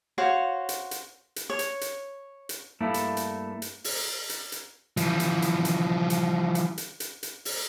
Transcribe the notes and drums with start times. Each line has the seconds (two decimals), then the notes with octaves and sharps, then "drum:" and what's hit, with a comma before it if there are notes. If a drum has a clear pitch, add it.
0.18 F#4 C5 C#5 F5
0.69 drum: hi-hat
0.91 drum: hi-hat
1.36 drum: hi-hat
1.50 C#5
1.59 drum: hi-hat
1.81 drum: hi-hat
2.49 drum: hi-hat
2.81 G2 A3 A#3 E4 E5 A5
2.94 drum: hi-hat
3.17 drum: hi-hat
3.62 drum: hi-hat
3.84 drum: open hi-hat
4.29 drum: hi-hat
4.52 drum: hi-hat
4.97 E3 F3, drum: hi-hat
5.20 drum: hi-hat
5.42 drum: hi-hat
5.65 drum: hi-hat
6.10 drum: hi-hat
6.55 drum: hi-hat
6.78 drum: hi-hat
7.00 drum: hi-hat
7.23 drum: hi-hat
7.45 drum: open hi-hat